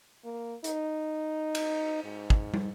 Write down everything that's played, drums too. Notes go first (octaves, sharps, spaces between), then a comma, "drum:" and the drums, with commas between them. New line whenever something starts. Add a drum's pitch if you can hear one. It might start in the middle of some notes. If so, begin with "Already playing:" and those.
A#3
D#4, drum: hi-hat
drum: cymbal
G#2
drum: kick
drum: tom